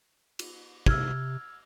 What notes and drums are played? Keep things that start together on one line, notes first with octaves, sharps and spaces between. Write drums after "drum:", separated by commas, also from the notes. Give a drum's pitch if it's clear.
drum: cymbal
C3 E6 F6 G#6, drum: kick